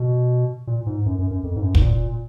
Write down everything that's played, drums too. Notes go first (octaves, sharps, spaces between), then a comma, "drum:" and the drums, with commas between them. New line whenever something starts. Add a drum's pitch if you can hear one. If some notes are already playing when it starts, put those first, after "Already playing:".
Already playing: B2
A#2
G#2
F#2
F#2
F#2
F2
G#2
F#2
G#2, drum: kick
A#2